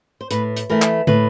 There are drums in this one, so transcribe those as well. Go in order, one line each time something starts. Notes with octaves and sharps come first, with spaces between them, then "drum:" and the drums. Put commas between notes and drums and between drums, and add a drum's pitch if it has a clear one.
C5
A2 B4, drum: hi-hat
drum: hi-hat
E3 A3 A#4
drum: clap
A2 B4, drum: tom